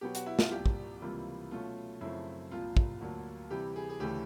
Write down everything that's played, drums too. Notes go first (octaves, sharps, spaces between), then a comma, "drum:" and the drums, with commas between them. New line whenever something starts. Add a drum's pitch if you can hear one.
B2 F#3 B3 G4
F#4, drum: hi-hat
E4
F4, drum: snare
C2 A#2 F3 G4
drum: kick
C#2 C3 E3 G3 A#3 F4
B2 F#3 A3 C#4 F4
F#2 C#3 F3 A3 C4 E4
C2 A#2 F3 F4
drum: kick
D2 D3 F#3 A#3
C3 E3 G3 G4
G#4
G#4
D2 C#3 E3 A3 G4